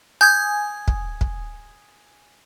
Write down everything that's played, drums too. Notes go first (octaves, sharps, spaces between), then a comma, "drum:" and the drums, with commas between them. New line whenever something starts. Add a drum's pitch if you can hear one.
G#5 D#6 G6 G#6
drum: kick
drum: kick